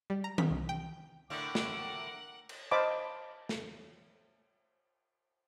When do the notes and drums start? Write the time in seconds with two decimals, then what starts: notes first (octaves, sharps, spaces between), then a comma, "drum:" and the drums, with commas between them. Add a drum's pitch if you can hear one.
0.10 G3
0.24 A#5
0.38 B6, drum: tom D#3
0.51 C2
0.69 G5
1.30 A2 D3 A3 A#4 F#5 D6
1.55 drum: snare
2.49 drum: cymbal
2.71 C5 D#5 F5 A5 B5 D6
3.49 drum: snare